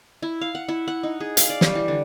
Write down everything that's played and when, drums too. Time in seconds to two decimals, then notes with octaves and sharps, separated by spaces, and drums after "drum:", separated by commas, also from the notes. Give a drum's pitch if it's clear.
0.22 E4
0.41 F5
0.55 F#5
0.69 E4
0.88 F#5
1.03 D#4
1.20 G#4
1.37 F5, drum: hi-hat
1.50 D5
1.61 G3, drum: snare
1.75 E3
1.88 D3